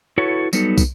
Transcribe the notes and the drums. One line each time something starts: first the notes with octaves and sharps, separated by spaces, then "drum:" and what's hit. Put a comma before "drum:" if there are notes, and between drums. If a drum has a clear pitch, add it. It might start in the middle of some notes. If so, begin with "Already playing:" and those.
E4 F#4 A4 B4 C#5
F#3 G3 B3 D#4 A4, drum: tambourine
drum: kick, tambourine